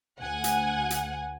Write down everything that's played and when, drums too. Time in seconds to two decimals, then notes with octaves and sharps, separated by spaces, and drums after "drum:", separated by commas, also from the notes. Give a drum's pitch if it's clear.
0.21 D2 F#5 G#5
0.44 drum: hi-hat
0.90 drum: hi-hat